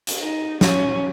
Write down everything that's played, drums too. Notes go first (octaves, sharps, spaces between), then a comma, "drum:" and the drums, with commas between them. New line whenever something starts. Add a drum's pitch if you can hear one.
drum: hi-hat
D#4
C#4, drum: snare